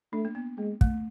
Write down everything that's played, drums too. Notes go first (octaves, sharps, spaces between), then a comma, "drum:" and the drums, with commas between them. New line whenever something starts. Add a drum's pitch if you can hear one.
A3 D4
A#3
B3
G#3 A#3
A3, drum: kick